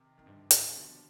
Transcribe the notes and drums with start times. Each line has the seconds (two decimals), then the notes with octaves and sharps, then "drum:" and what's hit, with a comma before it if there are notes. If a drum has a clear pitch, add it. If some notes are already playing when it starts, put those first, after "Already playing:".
Already playing: C3 D#3
0.18 F2 D#3
0.26 G2 D3 F3
0.51 G#2 D#3 G3, drum: hi-hat
0.75 B2 D3 F3